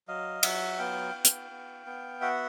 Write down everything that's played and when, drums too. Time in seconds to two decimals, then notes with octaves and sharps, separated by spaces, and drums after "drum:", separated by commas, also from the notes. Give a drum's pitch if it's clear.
0.08 F#3 D#5 F5
0.43 F#3 E5 F#5, drum: cymbal
0.79 B3 F5 G5
1.15 B3
1.25 drum: hi-hat
1.51 B3
1.86 B3
2.21 F#4 E5 F#5